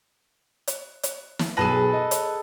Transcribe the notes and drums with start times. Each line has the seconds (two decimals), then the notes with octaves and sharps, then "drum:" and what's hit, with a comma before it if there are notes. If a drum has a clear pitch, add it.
0.68 drum: hi-hat
1.03 drum: hi-hat
1.39 drum: snare
1.57 B1 G#4 A4 B4 A5 A#6
1.93 D#5
2.11 drum: hi-hat